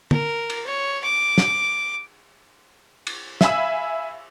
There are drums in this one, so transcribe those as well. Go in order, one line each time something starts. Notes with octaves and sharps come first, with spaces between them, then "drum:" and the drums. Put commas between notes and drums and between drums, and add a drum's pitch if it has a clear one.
A#4, drum: tom
drum: cymbal
C#5
D6
drum: snare
drum: cymbal
E5 F5 G#5 B5 E6, drum: snare